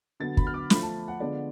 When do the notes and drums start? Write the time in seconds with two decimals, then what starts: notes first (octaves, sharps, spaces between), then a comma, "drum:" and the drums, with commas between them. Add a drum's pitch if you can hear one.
0.20 D3 F#3 B3 A6
0.37 B5, drum: kick
0.47 F6
0.54 D6
0.70 F3 A3 F4 B5, drum: snare
0.83 A5
1.08 F#5
1.20 D3 G#3 B3 F4 D5